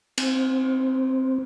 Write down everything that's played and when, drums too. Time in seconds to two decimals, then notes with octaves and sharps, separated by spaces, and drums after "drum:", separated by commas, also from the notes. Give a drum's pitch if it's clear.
0.18 C4, drum: cymbal